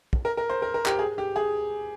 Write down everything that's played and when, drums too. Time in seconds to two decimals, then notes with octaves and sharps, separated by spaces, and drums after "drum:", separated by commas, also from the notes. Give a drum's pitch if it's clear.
0.13 drum: kick
0.25 A#4
0.37 A#4
0.50 C5
0.62 A#4
0.74 A#4
0.86 G4, drum: clap
0.99 G#4
1.18 G4
1.36 G#4